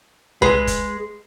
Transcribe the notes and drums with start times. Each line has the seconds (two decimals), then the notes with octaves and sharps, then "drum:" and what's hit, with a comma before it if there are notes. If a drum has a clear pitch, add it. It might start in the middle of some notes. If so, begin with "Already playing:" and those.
0.42 G#3 G#4 B4, drum: tom C2
0.67 drum: kick, hi-hat